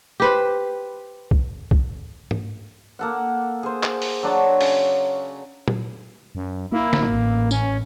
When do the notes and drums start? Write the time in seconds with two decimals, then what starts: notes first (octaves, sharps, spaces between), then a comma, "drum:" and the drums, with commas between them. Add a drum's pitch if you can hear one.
0.20 G4 B4 C5
1.31 drum: kick B1
1.71 drum: kick B1
2.31 drum: tom G#2
2.99 A#3 A4 F#5
3.63 G#4 C5
3.83 drum: clap
4.02 drum: open hi-hat
4.23 F#3 D4 C#5 A5
4.61 C#3, drum: open hi-hat
5.68 drum: tom
6.35 F#2
6.72 A#3 E4
6.93 drum: snare
7.08 A1
7.51 C#4, drum: tambourine